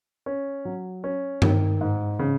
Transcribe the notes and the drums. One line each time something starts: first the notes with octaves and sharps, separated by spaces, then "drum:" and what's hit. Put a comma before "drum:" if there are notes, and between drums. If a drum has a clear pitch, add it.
C#4
F#3
C#4
D#3, drum: tom G2
G#2
C#3